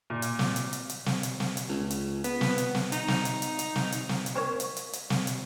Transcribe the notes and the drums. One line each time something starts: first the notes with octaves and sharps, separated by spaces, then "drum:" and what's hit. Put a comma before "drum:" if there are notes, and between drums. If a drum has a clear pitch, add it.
A#2
drum: hi-hat
drum: snare
drum: hi-hat
drum: hi-hat
drum: hi-hat
drum: snare
drum: hi-hat
drum: snare
drum: hi-hat
C#2
drum: hi-hat
B3, drum: hi-hat
drum: snare
drum: hi-hat
drum: snare
D#4, drum: hi-hat
drum: snare
drum: hi-hat
drum: hi-hat
drum: hi-hat
drum: snare
drum: hi-hat
drum: snare
drum: hi-hat
C4 A#4 C#5
drum: hi-hat
drum: hi-hat
drum: hi-hat
drum: snare
drum: hi-hat